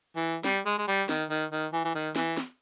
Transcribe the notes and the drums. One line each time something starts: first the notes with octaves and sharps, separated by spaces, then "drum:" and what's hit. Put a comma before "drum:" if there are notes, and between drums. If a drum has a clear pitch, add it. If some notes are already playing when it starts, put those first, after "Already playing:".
E3
G3, drum: snare
G#3
G#3
G3
D#3, drum: snare
D#3
D#3
E3
E3
D#3
E3, drum: snare
drum: snare